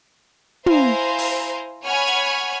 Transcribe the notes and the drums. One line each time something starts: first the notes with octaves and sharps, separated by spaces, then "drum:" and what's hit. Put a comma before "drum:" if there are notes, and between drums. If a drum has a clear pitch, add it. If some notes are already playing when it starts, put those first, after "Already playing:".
E4 C5 F5 G#5 A#5 C6, drum: tom
drum: open hi-hat
C#5 F#5 G#5 B5 F6 G#6
drum: hi-hat